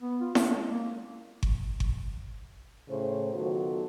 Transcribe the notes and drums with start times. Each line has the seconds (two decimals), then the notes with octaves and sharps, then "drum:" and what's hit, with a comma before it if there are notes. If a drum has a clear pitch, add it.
0.01 B3
0.21 F4
0.35 C#4, drum: snare E4
0.55 G#3
0.68 A#3
1.43 drum: kick G1
1.80 drum: kick G1
2.88 A2 C#3 C5
3.33 D#3 F#3 B3 F4 F#4 A4